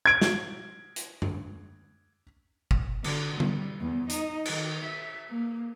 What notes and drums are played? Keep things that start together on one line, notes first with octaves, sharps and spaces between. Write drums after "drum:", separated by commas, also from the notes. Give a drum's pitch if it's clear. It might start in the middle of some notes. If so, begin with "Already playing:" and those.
G#6 D7
drum: snare
drum: hi-hat
drum: tom F#2
drum: kick
D3, drum: cymbal
G3, drum: tom D3
E2
D#4, drum: hi-hat
D#3, drum: cymbal
E5
A#3